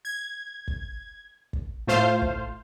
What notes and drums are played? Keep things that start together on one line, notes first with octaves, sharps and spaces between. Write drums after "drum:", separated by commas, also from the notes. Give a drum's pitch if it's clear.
G#6
drum: kick
drum: kick
A2 A3 F4 C5 F5
drum: kick